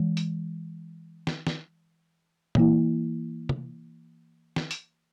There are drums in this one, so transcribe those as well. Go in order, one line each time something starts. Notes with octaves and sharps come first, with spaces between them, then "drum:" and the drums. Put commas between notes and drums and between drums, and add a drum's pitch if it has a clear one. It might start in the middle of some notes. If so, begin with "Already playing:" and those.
Already playing: E3 G#3
drum: hi-hat
drum: snare
drum: snare
E3 A#3 E4, drum: tom A#2
drum: tom
drum: snare
drum: hi-hat